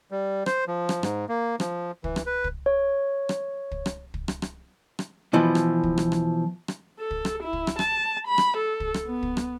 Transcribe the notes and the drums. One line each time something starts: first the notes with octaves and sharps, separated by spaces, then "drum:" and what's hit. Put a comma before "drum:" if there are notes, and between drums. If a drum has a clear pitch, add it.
G3
C5, drum: rim click
F3
drum: rim click
G#2, drum: rim click
A#3
F3, drum: rim click
E3, drum: kick
drum: rim click
B4
drum: kick
C#5
drum: rim click
drum: kick
drum: rim click
drum: kick
drum: rim click
drum: rim click
drum: rim click
B2 E3 F3
drum: rim click
drum: kick
drum: rim click
drum: rim click
drum: rim click
A4
drum: kick
drum: rim click
E4
drum: kick
drum: rim click
A5, drum: rim click
B5
drum: rim click
A4
drum: kick
drum: rim click
B3
drum: kick
drum: rim click